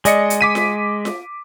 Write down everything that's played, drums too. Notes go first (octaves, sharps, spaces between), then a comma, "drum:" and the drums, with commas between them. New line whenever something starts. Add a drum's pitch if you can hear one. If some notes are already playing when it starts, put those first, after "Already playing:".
G#3 D5 D#5 C#7, drum: hi-hat
drum: hi-hat
D6 B6 D#7
drum: snare F4
drum: snare F4